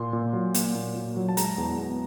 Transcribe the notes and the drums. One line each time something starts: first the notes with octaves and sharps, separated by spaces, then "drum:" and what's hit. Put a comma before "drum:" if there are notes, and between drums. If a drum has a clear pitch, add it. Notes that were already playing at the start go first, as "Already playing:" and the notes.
Already playing: A#2 A#3 C6
A#2
F#3
A#3, drum: hi-hat
A#2
A#2
F#3
A5
G#3 A#5, drum: hi-hat
E2
B3